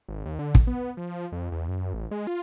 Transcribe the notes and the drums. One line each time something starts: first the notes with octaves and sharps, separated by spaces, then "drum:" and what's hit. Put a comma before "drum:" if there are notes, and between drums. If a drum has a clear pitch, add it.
G#1
D#2
D3
drum: kick
B3
F3
F2
E2
F#2
A1
G#3
F4